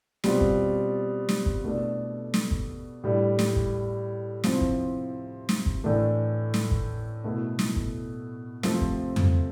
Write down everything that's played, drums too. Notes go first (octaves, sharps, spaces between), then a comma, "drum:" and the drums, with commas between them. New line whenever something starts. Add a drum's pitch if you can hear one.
B2 G3 C4 F4, drum: snare
drum: kick
drum: snare
drum: kick
B2 A3 D4
drum: snare
drum: kick
A2 G3 D4
drum: snare
drum: kick
C3 F3 C4 E4, drum: snare
drum: kick
drum: snare
drum: kick
A2 E3 A3 D4
drum: snare
drum: kick
B2 A3 E4
drum: snare
drum: kick
C3 F3 A3 C4, drum: snare
drum: kick
drum: tom F2